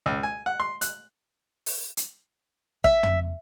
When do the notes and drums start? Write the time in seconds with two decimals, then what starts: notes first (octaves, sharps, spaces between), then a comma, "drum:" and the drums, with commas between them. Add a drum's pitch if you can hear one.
0.06 C#2
0.23 G#5
0.46 F#5
0.60 C6
0.81 F#6, drum: hi-hat
1.66 drum: open hi-hat
1.97 drum: hi-hat
2.84 E5, drum: kick
3.03 drum: tom